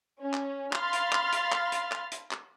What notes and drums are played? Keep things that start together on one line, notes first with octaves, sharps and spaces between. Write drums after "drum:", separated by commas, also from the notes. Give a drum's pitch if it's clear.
C#4
drum: clap
F5 B5 C6 F6 A6, drum: clap
drum: hi-hat
drum: clap
drum: hi-hat
drum: clap
drum: hi-hat
drum: clap
drum: hi-hat
drum: clap